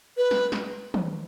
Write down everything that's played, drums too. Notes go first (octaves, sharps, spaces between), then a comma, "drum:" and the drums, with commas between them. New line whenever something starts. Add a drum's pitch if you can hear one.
B4
drum: snare
drum: snare
drum: tom